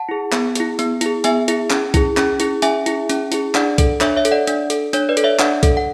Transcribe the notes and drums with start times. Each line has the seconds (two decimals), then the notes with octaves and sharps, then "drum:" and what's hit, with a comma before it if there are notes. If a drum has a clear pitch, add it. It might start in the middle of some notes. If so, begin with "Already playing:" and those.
Already playing: F#5 A5
0.09 E4 G#4
0.32 B3, drum: clap
0.55 E4 G#4, drum: hi-hat
0.79 B3, drum: hi-hat
1.01 E4 G#4, drum: hi-hat
1.24 B3 E5 G#5, drum: hi-hat
1.48 E4 G#4, drum: hi-hat
1.70 C#4, drum: clap
1.94 E4 G#4, drum: kick B1, hi-hat
2.17 C#4, drum: clap
2.40 E4 G#4, drum: hi-hat
2.62 C#4 E5 G#5, drum: hi-hat
2.86 E4 G#4, drum: hi-hat
3.09 C#4, drum: hi-hat
3.32 E4 G#4, drum: hi-hat
3.55 D4 D5 F#5, drum: clap
3.78 A4, drum: kick B1, hi-hat
4.01 D4 C#5 E5, drum: clap
4.16 C#5 E5
4.25 A4, drum: hi-hat
4.31 D5 F#5
4.47 D4, drum: hi-hat
4.70 A4, drum: hi-hat
4.93 D4 C#5, drum: hi-hat
5.09 B4 D5
5.17 A4, drum: hi-hat
5.24 C#5 E5
5.39 D4 D5 F#5, drum: clap
5.63 A4, drum: kick B1, hi-hat
5.77 F#5